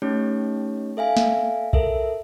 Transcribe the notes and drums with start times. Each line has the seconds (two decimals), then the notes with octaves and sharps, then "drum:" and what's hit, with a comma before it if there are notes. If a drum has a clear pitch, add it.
0.02 A3 C#4 D#4 G4 C#5
0.97 A4 E5 F5 G#5
1.17 drum: snare
1.73 A4 A#4 E5, drum: kick B1